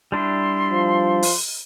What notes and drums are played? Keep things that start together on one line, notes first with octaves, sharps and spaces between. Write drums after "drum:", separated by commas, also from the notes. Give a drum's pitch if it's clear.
G3 D4 E4 C6
F3
drum: open hi-hat